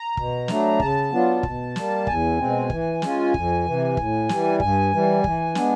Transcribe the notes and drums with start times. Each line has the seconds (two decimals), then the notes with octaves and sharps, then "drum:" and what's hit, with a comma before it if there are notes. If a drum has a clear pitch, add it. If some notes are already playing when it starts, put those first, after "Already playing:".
Already playing: A#5
0.17 B2, drum: kick
0.48 F#3 A3 D4, drum: snare
0.80 C#3 A5, drum: kick
1.12 F#3 B3 D4 F4
1.43 B2, drum: kick
1.76 G3 A#3, drum: snare
2.07 E2 G#5, drum: kick
2.38 B2 G#3 C4
2.70 E3, drum: kick
3.02 G#3 C#4 F4, drum: snare
3.34 F2, drum: kick
3.66 C3 E3
3.97 A2, drum: kick
4.29 E3 G3, drum: snare
4.60 G2 G#5, drum: kick
4.92 E3 G3
5.24 E3, drum: kick
5.55 G#3 B3 D4, drum: snare